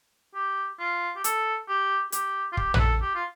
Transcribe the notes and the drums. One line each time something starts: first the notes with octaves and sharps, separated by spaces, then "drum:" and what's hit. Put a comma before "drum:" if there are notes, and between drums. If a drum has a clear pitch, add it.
G4
F4
G4
A4, drum: hi-hat
G4
G4, drum: hi-hat
F4
G4, drum: kick
B4, drum: tom
A4
G4
F4